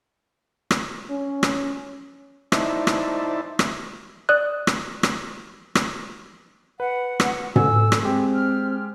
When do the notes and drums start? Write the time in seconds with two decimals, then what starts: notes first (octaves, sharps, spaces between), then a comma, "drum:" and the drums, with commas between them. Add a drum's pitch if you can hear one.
0.71 drum: rim click
1.11 C#4
1.43 drum: rim click
2.52 D#4 E4 C5 D5 E5 A5, drum: rim click
2.87 drum: rim click
3.59 drum: rim click
4.29 D5 D#6 F#6
4.67 drum: rim click
5.03 drum: rim click
5.75 drum: rim click
6.80 B4 F#5
7.20 drum: rim click
7.56 A4 G#5 E6, drum: tom
7.92 drum: rim click
8.03 G#3 C4 G4
8.34 F6